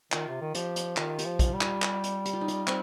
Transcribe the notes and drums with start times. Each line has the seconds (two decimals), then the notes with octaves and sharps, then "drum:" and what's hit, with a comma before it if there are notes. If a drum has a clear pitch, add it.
0.12 D#3 F4, drum: clap
0.28 C3
0.41 D#3
0.54 F3 G4, drum: hi-hat
0.76 drum: hi-hat
0.97 D#3 F4, drum: clap
1.18 G4, drum: hi-hat
1.26 F3
1.39 F4, drum: kick A#1, hi-hat
1.53 G3
1.61 F4, drum: clap
1.82 G4, drum: clap
2.04 drum: hi-hat
2.25 G4, drum: hi-hat
2.33 F4
2.41 D#4
2.48 F4, drum: hi-hat
2.67 C4, drum: clap